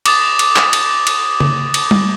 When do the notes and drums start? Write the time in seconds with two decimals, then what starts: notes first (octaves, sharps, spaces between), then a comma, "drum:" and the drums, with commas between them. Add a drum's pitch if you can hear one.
0.06 D6 D#6 A6, drum: cymbal
0.39 drum: cymbal
0.56 drum: clap
0.73 drum: cymbal
1.07 drum: cymbal
1.40 drum: tom C#3
1.74 drum: cymbal
1.91 drum: tom G3